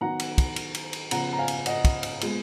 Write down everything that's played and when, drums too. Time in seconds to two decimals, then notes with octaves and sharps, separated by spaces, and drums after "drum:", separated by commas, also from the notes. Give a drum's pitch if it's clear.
0.01 D#3 F#3 B3 F#5 A#5
0.20 drum: cymbal
0.38 drum: kick, cymbal
0.56 drum: cymbal
0.75 drum: cymbal
0.93 drum: cymbal
1.11 C#3 F3 B3 F#5 A#5, drum: cymbal
1.33 A#5
1.39 F5 G#5
1.48 drum: cymbal
1.66 D#5 F#5, drum: cymbal
1.85 drum: kick, cymbal
2.03 drum: cymbal
2.21 A#2 G#3 B3, drum: cymbal